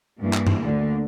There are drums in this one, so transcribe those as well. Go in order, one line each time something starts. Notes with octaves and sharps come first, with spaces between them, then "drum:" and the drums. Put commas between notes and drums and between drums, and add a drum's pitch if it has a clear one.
G2 E3 A#3
drum: clap
drum: tom G2
D2 D3